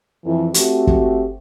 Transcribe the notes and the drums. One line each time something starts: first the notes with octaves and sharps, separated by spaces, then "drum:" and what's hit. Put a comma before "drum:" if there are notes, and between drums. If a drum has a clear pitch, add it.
F2 E3
A3 C4 F#4 G4, drum: hi-hat
drum: kick